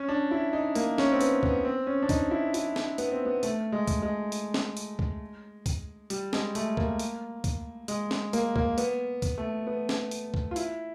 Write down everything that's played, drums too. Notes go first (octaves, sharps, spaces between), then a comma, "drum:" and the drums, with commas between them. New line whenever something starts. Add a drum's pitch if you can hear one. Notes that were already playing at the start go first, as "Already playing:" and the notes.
Already playing: C#4
D4
E4
D#4
A#3, drum: hi-hat
C#4, drum: snare
C4
B3, drum: hi-hat
B3, drum: kick C#2
C4
C#4
D4
D#4, drum: kick C#2, hi-hat
E4
E4, drum: hi-hat
drum: snare
B3, drum: hi-hat
C4
B3
A3, drum: hi-hat
G#3
drum: kick C#2, hi-hat
G#3
drum: hi-hat
drum: snare
drum: hi-hat
drum: kick C#2
drum: kick C#2, hi-hat
G3, drum: hi-hat
G#3, drum: snare
A3, drum: hi-hat
A#3, drum: kick C#2
drum: hi-hat
drum: kick C#2, hi-hat
G#3, drum: hi-hat
drum: snare
A#3, drum: hi-hat
A#3, drum: kick C#2
B3, drum: hi-hat
drum: kick C#2, hi-hat
A3
B3
drum: snare
drum: hi-hat
drum: kick C#2
F4
E4, drum: hi-hat